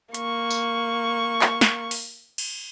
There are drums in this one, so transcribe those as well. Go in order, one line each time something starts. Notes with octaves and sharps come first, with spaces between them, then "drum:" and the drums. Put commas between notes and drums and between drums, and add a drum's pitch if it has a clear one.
A#3 C#6, drum: hi-hat
drum: tambourine
drum: clap
drum: snare
drum: open hi-hat
drum: cymbal